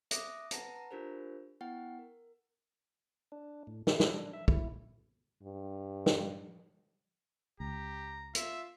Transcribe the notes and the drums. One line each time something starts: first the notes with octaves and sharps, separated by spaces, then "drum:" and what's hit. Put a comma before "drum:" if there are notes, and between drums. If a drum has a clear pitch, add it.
E5 D6 D#6 F#6 A#6, drum: hi-hat
B4 F#5 A5 A#5 A#6, drum: hi-hat
A#5
D4 F4 G4 A#4 C5
B3 E4 F#5 G5
A#4
D4
A2
E4, drum: snare
drum: snare
D4
E5
E4, drum: kick
G2
drum: snare
C#2 G4 A#5
F4 E5, drum: hi-hat